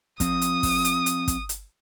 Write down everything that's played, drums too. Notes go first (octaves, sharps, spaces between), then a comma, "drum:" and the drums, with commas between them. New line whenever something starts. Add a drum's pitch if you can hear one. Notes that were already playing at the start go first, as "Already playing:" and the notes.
F3 C4 D#6, drum: kick, hi-hat
drum: hi-hat
drum: kick, open hi-hat
drum: hi-hat
drum: hi-hat
drum: kick, hi-hat
drum: hi-hat